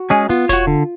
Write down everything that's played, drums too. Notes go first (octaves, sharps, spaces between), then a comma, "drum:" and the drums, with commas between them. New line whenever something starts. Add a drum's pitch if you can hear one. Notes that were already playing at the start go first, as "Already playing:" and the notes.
Already playing: F#4
G#3 C#4 G#4
B3 F4
F#4 C#5, drum: snare E1
D3